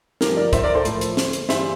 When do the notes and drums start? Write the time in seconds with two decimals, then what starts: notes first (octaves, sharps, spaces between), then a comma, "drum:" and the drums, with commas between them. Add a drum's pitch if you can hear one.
0.21 G2 F3 A3 G4 A#4, drum: snare
0.37 A#4 D5
0.53 C5 E5, drum: kick, hi-hat
0.64 A#4 D5
0.74 A4 C5
0.85 A2 F3 A3, drum: hi-hat
1.01 drum: hi-hat
1.17 drum: snare
1.33 drum: hi-hat
1.49 G2 E3 G3 C5 E5, drum: snare